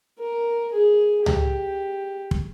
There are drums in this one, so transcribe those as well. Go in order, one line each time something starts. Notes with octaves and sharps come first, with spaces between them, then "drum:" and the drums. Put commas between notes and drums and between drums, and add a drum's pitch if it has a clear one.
A#4
G#4
G4, drum: tom C#2
drum: kick